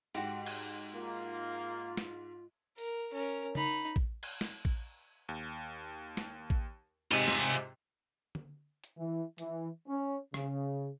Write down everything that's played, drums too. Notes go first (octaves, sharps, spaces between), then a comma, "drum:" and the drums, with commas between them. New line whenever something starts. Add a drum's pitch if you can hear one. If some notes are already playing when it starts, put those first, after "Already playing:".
G#2 F#4 G4, drum: open hi-hat
drum: cymbal
A#3 F4
drum: snare
A#4, drum: open hi-hat
C#4 A#4
D#4 B5, drum: tom C#3
drum: kick
drum: cymbal
drum: snare
drum: kick
D#2
drum: snare
drum: kick
G#2 C3 F4 D#5 G#5
drum: snare
drum: tom D3
drum: hi-hat
E3
E3, drum: hi-hat
C#4
C#3, drum: rim click